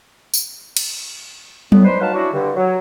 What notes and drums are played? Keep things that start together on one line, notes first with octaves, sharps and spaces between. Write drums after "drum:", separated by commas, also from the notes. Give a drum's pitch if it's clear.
drum: tambourine
drum: cymbal
A2 B3, drum: tom F#3
D4 D#4 B4 C5
C#4 D#4 F#4 B4 F5 A5
C#4 D4 E4 F#4
G2 D3
F#3